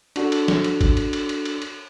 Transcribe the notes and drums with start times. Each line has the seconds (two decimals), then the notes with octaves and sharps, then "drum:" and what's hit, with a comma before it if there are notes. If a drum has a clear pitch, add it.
0.16 D4 F#4 A4, drum: cymbal
0.32 drum: cymbal
0.48 drum: snare
0.64 drum: cymbal
0.81 drum: kick, cymbal
0.97 drum: cymbal
1.13 drum: cymbal
1.29 drum: cymbal
1.45 drum: cymbal
1.62 drum: cymbal